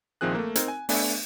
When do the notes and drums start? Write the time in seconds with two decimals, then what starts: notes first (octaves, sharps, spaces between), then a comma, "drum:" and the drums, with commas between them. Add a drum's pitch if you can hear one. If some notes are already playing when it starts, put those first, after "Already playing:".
0.21 A#1 D#3 F3 C4 G#4 F#6
0.35 A3 A#3
0.55 C4 D#4 A#4 G#6, drum: hi-hat
0.68 G#5
0.89 A3 B3 D4 E5 G#5, drum: open hi-hat